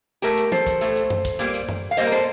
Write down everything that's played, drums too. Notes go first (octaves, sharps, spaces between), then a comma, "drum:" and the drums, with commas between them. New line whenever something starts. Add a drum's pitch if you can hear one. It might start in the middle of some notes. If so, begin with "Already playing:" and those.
A2 A3 G4 A#4, drum: hi-hat
drum: hi-hat
A4 C5, drum: tom E3
drum: kick, hi-hat
A2 A3, drum: hi-hat
drum: hi-hat
drum: tom F#2
drum: kick, hi-hat
A#2 G3 A#3, drum: hi-hat
drum: hi-hat
drum: tom F#2
F5
A#2 G3 A#3 C5 D#5, drum: hi-hat
A#4
A4 C5, drum: hi-hat